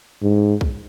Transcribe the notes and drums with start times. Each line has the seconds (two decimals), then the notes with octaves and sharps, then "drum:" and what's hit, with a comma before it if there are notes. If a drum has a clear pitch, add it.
0.22 G#2
0.61 drum: kick B1